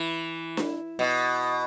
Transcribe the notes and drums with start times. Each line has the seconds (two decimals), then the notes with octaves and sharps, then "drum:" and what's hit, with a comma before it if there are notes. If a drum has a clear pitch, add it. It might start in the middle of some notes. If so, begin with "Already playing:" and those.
Already playing: E3
0.57 drum: snare D4
0.99 B2